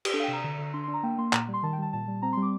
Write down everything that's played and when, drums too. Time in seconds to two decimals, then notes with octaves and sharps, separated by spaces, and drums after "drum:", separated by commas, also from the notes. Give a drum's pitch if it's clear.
0.05 G4, drum: cymbal
0.13 D4 A4
0.20 F5
0.23 G5
0.28 C3
0.33 A#5
0.44 D3
0.58 D3
0.73 D4 C6
0.84 C6
0.88 D4
0.94 A#5
1.03 A#3 G5
1.18 A#3 C6
1.33 A#2 A#5, drum: clap
1.48 G3
1.53 C6
1.63 D#3 A5
1.73 G5
1.78 G3 A5
1.93 A#2 A5
2.08 G3
2.22 C4 A#5
2.33 C6
2.37 G3
2.42 D6